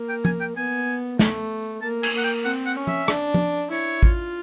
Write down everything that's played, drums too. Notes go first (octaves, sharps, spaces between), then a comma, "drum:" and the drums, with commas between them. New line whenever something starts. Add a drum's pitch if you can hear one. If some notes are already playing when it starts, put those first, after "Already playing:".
Already playing: A#3
G5
G#5, drum: tom
G5
B3 G#5
A3, drum: snare
A#3 A5
G#5, drum: cymbal
A#3 F#5
G5
C4 F#5
F#5
C#4
E5, drum: tom
D4, drum: rim click
drum: tom
E4 C#5
F4, drum: kick A1